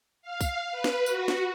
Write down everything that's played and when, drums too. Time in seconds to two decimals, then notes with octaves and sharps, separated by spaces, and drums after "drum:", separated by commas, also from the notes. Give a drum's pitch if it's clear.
0.22 F5
0.41 drum: kick, tambourine
0.71 B4
0.84 drum: snare
1.06 F#4, drum: tambourine
1.28 drum: snare